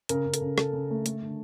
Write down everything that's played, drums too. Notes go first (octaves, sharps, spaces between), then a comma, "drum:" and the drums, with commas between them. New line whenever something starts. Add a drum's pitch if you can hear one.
C#3 A#4, drum: hi-hat
C#3
A4, drum: hi-hat
C#3
C#3 A4, drum: rim click
C#3
A3
A3, drum: hi-hat
D3